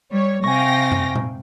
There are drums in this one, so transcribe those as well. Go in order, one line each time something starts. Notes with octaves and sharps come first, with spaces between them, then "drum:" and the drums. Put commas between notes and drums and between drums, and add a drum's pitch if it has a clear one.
G3 C#5
C3 F5 G5 G#5 C#6 A#6
drum: tom F#2
drum: tom A#2